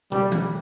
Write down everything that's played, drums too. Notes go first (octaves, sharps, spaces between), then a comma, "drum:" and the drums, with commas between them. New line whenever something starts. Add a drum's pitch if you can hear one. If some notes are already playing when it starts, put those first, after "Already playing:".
G3, drum: tom
drum: tom D#3